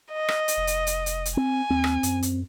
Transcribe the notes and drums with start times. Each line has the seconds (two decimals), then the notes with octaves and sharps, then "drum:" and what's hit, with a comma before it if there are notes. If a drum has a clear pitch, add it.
0.13 D#5
0.28 drum: rim click
0.48 drum: hi-hat
0.57 F1
0.67 drum: hi-hat
0.87 drum: hi-hat
1.06 drum: hi-hat
1.25 drum: hi-hat
1.37 C4 G#5
1.70 D#2 C4
1.84 drum: rim click
2.03 F#2, drum: hi-hat
2.22 drum: hi-hat